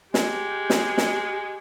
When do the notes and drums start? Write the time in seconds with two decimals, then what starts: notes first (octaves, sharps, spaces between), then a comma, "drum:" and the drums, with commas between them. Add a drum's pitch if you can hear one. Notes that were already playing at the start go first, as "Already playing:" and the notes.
0.14 G#3 G4, drum: snare
0.70 drum: snare
0.98 drum: snare